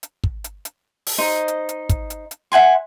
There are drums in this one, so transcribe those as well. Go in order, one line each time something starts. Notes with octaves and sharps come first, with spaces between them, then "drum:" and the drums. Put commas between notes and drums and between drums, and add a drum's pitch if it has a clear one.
drum: hi-hat
drum: kick
drum: hi-hat
drum: hi-hat
drum: open hi-hat
D#4 C5 D#5
drum: hi-hat
drum: hi-hat
drum: kick, hi-hat
drum: hi-hat
drum: hi-hat
E5 F#5 G#5 C6